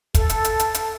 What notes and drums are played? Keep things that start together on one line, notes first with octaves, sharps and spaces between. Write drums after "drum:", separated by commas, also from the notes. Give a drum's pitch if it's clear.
A4, drum: kick, hi-hat
drum: hi-hat
drum: hi-hat
drum: hi-hat
drum: hi-hat